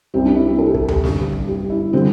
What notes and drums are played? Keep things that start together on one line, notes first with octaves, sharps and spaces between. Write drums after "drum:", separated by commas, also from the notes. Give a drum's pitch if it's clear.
C2 C3 G3 C4
D4
E4
G4
A4
G4
A4, drum: kick
drum: tom D2
G1 G2 G3, drum: snare
drum: kick
G4
E4
D3 G3 C4